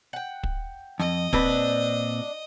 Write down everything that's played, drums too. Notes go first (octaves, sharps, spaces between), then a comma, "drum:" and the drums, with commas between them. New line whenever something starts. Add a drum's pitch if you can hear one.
F#5 G5
drum: kick
F2 D#5
A#2 C4 D4 B4, drum: kick